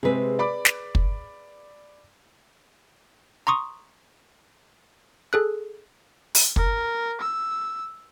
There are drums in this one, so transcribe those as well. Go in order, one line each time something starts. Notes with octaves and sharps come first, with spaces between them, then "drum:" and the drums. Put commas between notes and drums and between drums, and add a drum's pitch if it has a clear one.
C3 G#3 C4 G#4 B4
D5 B5 D6
drum: snare
drum: kick
A#5 C6 C#6 D#6
G#4 A4 F#6
drum: open hi-hat
A#4, drum: kick
E6